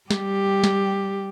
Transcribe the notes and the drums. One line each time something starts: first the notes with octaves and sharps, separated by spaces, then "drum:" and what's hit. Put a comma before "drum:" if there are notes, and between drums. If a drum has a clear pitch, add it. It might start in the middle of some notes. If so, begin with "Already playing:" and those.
G3 G4, drum: snare
drum: snare